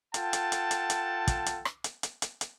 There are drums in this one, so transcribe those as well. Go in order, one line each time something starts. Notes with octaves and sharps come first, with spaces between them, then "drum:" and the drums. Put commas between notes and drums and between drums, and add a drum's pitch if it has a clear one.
F4 A4 F#5 G5 A5, drum: hi-hat
drum: hi-hat
drum: hi-hat
drum: hi-hat
drum: hi-hat
drum: kick, hi-hat
drum: hi-hat
drum: rim click
drum: hi-hat
drum: hi-hat
drum: hi-hat
drum: hi-hat